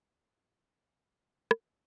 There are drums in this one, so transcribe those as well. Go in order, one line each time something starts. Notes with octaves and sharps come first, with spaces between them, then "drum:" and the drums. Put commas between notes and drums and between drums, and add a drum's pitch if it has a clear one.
F1 C#3 D#4 C6
drum: rim click